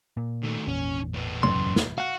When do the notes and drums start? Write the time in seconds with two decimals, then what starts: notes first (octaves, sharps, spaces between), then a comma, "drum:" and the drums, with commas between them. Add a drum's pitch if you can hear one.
0.17 A#2
0.43 D#3 A3
0.67 G#1 E2 A#2 C#4
1.14 A2 B3
1.43 F#2 C6, drum: tom
1.76 drum: snare
1.98 F#4 F5 F#5